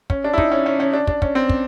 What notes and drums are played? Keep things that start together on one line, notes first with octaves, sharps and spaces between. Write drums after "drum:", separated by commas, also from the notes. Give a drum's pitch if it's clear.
C#4, drum: kick
D4
E4
D#4, drum: kick
C#4
C#4
C#4
D4
D4, drum: kick
C#4, drum: kick
C4
drum: kick